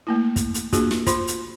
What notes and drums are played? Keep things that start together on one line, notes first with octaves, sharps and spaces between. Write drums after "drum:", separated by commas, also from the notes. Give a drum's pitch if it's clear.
A3 A#3 E4
drum: kick, hi-hat
drum: hi-hat
A#3 D4 F4 F#4 G#4, drum: kick, hi-hat
drum: snare
F4 C5 B5 C6, drum: kick, hi-hat
drum: hi-hat